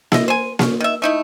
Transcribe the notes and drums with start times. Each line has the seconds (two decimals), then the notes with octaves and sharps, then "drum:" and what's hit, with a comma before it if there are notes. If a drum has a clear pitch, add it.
0.12 E4 D#5, drum: snare A#3
0.28 C5 G#5
0.59 C#4, drum: snare A#3
0.80 D#3 E5
1.02 A3 D#4 E4